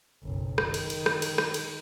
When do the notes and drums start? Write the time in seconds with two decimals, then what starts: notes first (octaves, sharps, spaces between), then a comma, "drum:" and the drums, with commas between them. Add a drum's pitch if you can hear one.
0.23 F#1 B1
0.58 D#3, drum: rim click
0.74 drum: cymbal
0.90 drum: cymbal
1.06 drum: rim click
1.22 drum: cymbal
1.38 drum: rim click
1.54 drum: cymbal